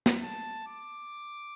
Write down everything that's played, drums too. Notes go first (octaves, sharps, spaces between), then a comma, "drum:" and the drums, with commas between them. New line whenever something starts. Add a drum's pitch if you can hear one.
drum: snare
A5
D6